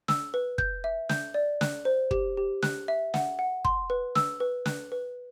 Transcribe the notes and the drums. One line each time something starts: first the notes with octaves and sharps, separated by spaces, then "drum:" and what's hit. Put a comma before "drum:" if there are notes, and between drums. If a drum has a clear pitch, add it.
E6, drum: snare
B4
G6, drum: kick
E5
G6, drum: snare
D5
F#6, drum: snare
C5
G4, drum: kick
G4
F#6, drum: snare
E5
F#5, drum: snare
F#5
C6, drum: kick
B4
E6, drum: snare
B4
F#6, drum: snare
B4